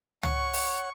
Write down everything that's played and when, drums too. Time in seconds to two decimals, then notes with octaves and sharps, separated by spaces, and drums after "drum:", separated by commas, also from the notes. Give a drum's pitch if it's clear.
0.23 C#5 F#5 C#6, drum: tom
0.53 drum: open hi-hat